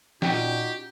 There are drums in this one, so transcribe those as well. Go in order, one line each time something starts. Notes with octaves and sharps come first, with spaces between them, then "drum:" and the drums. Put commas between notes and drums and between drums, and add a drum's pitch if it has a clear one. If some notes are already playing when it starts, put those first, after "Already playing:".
A#2 C#4 D#4 F#4 G4 G5, drum: snare